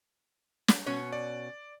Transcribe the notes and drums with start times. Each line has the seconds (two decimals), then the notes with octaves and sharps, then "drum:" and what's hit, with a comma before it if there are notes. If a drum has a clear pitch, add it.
0.68 drum: snare
0.86 B2 C#4 C#5
1.12 D5